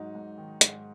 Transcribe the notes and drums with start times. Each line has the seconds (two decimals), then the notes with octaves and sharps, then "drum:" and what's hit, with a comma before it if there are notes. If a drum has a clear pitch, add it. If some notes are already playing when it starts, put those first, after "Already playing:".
Already playing: G#2 F#3 D#4
0.15 G#2
0.38 D#3
0.61 G#2, drum: hi-hat